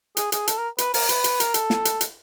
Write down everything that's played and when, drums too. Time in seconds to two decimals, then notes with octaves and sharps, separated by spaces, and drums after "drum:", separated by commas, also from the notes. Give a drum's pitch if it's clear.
0.17 G#4, drum: hi-hat
0.32 G#4, drum: hi-hat
0.48 A4, drum: hi-hat
0.58 A#4
0.78 B4, drum: hi-hat
0.94 A#4, drum: open hi-hat
1.09 B4, drum: hi-hat
1.24 drum: hi-hat
1.40 A#4, drum: hi-hat
1.54 A4, drum: hi-hat
1.70 drum: snare
1.85 drum: hi-hat
2.01 drum: hi-hat